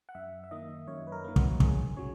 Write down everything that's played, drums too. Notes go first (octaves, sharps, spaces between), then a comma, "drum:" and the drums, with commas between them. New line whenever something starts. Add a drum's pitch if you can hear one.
F#5
F#2 E5
E5
D#3 A#3 D#5
F#2 C#5
B4
A#4
D#3 A#3
F#4, drum: kick
C#2 G#4, drum: kick
C#3 F#3 C#5